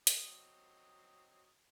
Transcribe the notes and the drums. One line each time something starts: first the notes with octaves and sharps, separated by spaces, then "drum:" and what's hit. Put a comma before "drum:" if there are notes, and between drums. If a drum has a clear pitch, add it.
F#3 C4 D#5, drum: hi-hat